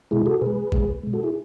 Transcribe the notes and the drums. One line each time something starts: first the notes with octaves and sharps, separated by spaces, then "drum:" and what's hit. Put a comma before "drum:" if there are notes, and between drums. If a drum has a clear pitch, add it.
B2 G#3 E4 G#4
F#4 A4
B2 G#3 G#4 B4
B2 G#3, drum: kick
B2 G#3
F#4 A4
E4 G#4